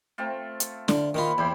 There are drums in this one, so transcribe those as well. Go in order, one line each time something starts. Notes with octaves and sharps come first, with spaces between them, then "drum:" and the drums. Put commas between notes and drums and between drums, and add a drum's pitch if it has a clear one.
A3 C4 F4
drum: hi-hat
D3, drum: snare
A#2 D#3 D#4 F4 B5
E2 E4 G4 C5